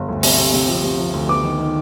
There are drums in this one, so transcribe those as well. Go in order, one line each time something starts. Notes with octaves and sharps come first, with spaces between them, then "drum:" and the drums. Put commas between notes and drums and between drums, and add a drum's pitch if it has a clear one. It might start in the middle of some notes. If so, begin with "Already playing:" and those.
Already playing: G1
D2
C3, drum: open hi-hat
C3
C3
F3
C3
F3
D2
B3 D6
D#3
D#3